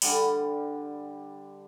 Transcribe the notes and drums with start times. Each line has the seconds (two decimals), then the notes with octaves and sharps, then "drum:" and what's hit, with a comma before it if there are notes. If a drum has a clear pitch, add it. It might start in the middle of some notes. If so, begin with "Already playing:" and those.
0.02 D3 G3, drum: open hi-hat